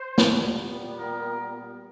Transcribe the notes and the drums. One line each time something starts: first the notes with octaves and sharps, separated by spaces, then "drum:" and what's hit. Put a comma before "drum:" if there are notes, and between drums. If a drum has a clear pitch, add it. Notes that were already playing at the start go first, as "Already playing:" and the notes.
Already playing: C5
A#2 G3 B3, drum: snare
A#4